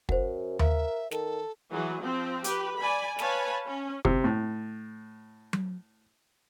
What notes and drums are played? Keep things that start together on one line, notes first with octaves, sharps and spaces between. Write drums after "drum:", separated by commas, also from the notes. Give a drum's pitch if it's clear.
F#2 C5 F#5, drum: kick
A#4 E5 F5, drum: tom D#2
D#3 A4, drum: snare
E3 F#3 G#4
F3 C4
G4 B4, drum: hi-hat
D5 G#5 B5
B4 C#5 F5 G#5 A5 B5, drum: snare
C#4
C3, drum: kick
A2
drum: tom F#3